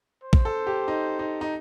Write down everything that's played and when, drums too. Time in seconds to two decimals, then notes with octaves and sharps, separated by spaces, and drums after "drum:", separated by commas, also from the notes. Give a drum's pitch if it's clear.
0.24 C5
0.33 drum: kick A1
0.45 A4
0.67 G4
0.88 D#4
1.19 D#4
1.41 D#4